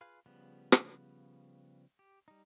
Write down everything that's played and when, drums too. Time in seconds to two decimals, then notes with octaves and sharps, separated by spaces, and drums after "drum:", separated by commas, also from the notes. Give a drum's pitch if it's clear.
0.01 F4 G#4 B4 F5
0.26 C#3 F3 G3 B3
0.72 drum: rim click
1.99 G4
2.28 G3 D#4